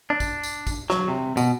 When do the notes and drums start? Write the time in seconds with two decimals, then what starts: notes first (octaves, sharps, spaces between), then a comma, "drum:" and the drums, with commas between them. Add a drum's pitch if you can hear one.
0.10 D4
0.20 drum: kick, tambourine
0.43 drum: tambourine
0.67 drum: kick, tambourine
0.90 F#3, drum: snare
1.08 C3
1.37 B2, drum: tambourine